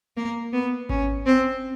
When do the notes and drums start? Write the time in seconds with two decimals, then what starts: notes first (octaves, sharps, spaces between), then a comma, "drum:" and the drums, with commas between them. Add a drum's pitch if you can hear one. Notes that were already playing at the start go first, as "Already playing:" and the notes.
0.17 A#3
0.53 B3
0.89 C#4, drum: kick G#1
1.26 C4